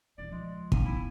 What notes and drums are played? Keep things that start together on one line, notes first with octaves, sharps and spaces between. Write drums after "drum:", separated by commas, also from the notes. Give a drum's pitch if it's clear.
D#1 E3 D5
C#2 F3 G#3
A3 B3 D#7, drum: kick
D#1 G#1 E4